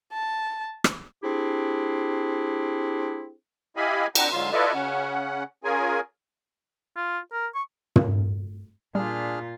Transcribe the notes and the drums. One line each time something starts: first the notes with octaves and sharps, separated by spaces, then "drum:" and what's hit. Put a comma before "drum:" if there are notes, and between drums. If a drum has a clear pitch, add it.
A5
drum: rim click
C4 D4 E4 G4 G#4
E4 G4 D#5 F5 G#5 B5
C4 D4 F#5 G5 A#5, drum: cymbal
G#2 D3 F#3 F4 C6
E4 F4 A4 B4 D5 D#5
C#3 C#4 F#5
C#4 F4 G#4 A#4 G#5
F4
A#4
C#6
drum: tom
A#2 G3 D4 F4 G#4 F6